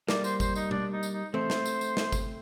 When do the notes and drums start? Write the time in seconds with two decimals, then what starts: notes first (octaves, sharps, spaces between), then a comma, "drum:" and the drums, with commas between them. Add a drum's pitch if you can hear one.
0.08 G3 A#3 D5, drum: snare
0.24 C5, drum: tambourine
0.40 C5, drum: kick G1, tambourine
0.55 D#4, drum: tambourine
0.71 D4, drum: tom
0.92 D#4
1.03 drum: tambourine
1.13 D#4
1.34 A3 C4 C5, drum: tom E3
1.50 drum: snare
1.65 drum: tambourine
1.81 drum: tambourine
1.97 drum: snare
2.12 drum: kick G1, tambourine